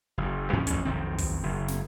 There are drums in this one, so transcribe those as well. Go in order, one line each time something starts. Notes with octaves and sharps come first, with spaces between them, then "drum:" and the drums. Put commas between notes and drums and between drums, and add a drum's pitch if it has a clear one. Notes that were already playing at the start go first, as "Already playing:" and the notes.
F#1 F#2
G2 F3 C#4
A1 F2 C#4, drum: kick, hi-hat
B1 F2 D#3 C4
drum: kick, open hi-hat
F#1
drum: snare